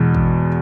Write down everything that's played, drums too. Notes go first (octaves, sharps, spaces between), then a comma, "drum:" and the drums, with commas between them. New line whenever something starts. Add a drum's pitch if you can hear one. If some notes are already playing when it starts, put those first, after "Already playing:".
Already playing: E2 B2 G#3
drum: kick